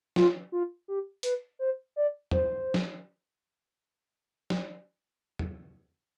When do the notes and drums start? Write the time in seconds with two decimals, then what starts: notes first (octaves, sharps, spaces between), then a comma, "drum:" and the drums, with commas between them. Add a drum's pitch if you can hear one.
0.16 F4, drum: snare
0.52 F4
0.88 G4
1.23 B4, drum: hi-hat
1.59 C5
1.96 D5
2.31 C5, drum: tom
2.74 drum: snare
4.50 drum: snare
5.39 drum: tom